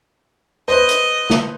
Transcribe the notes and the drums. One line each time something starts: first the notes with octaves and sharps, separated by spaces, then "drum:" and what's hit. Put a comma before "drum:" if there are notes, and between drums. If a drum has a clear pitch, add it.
B4 C5 D#5
drum: hi-hat
drum: snare